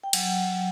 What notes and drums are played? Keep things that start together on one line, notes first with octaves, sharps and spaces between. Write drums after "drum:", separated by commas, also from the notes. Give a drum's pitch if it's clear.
G5
F#3 F#5, drum: cymbal
F#3